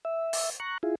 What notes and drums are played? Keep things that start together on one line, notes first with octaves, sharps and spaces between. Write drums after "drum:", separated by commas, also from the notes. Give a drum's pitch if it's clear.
E5
drum: open hi-hat
A#5 C#6 F#6
E4 F4 G#4